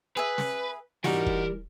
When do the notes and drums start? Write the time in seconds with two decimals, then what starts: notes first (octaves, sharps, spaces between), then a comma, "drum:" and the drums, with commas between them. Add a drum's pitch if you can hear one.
0.17 G#4 B4 E5
0.38 drum: snare
1.04 E3 G3 D#4 F#4 A#4 G#5, drum: snare
1.26 drum: kick